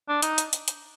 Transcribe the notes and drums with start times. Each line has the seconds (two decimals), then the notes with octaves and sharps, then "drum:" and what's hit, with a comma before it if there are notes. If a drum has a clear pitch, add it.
0.09 D4
0.22 D#4, drum: hi-hat
0.38 drum: hi-hat
0.53 drum: hi-hat
0.68 drum: hi-hat